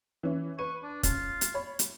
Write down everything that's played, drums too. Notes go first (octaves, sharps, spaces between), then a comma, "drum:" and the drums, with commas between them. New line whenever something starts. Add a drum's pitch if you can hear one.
E3 C#4 E4
B4 C#6 D#7
D4
C#4 F4, drum: kick, hi-hat
drum: hi-hat
C#5 B5
drum: hi-hat